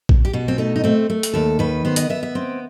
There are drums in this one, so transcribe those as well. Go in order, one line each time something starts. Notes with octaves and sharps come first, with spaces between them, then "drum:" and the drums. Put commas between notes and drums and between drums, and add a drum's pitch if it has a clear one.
drum: kick A#1
G4
B2 F#4
C4
A3 D#4
D#4
A3 C4
A3
drum: hi-hat
D#2 A4
D#3 B4
B3 C5
D#5, drum: hi-hat
B3 E5
E5
C4